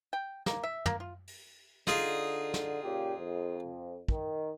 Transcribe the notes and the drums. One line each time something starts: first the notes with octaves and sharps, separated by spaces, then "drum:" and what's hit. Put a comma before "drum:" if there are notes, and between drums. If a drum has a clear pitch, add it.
G5
A#3, drum: snare
E5
A#3, drum: tom
F4
drum: open hi-hat
D3 D#4 F4 G#4, drum: snare
drum: snare
A#2 C#3 G4
F2
D#3, drum: kick